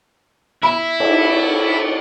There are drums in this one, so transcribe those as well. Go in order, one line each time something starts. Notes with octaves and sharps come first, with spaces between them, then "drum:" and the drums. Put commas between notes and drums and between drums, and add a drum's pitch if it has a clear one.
E4 B5
drum: cymbal